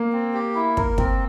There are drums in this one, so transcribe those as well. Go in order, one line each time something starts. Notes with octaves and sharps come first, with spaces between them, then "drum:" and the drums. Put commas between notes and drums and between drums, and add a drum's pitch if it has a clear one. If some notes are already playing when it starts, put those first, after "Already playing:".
Already playing: A#3
C4
G4
E4
A#4, drum: kick
C4, drum: kick